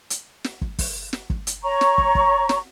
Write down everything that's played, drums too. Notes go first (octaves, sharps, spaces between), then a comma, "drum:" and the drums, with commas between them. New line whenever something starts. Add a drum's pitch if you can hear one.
drum: hi-hat
drum: snare
drum: kick
drum: kick, open hi-hat
drum: snare
drum: kick
drum: hi-hat
C#5 A#5 C#6
drum: snare
drum: kick
drum: kick
drum: snare